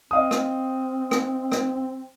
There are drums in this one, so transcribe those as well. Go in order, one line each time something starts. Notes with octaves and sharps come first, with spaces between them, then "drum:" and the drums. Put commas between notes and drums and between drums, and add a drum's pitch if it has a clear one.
C4 D#5 F5 D#6
drum: rim click
drum: rim click
drum: rim click